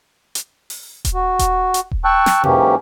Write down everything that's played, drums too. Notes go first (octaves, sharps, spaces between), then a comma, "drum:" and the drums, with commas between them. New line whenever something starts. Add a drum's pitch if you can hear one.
drum: hi-hat
drum: open hi-hat
drum: kick D#1, hi-hat
F#4
drum: kick D#1, hi-hat
drum: hi-hat
drum: kick D#1
G5 A5 C#6 E6 F#6
drum: snare
G#2 E3 F#3 A#3 C#4 G4, drum: tom B2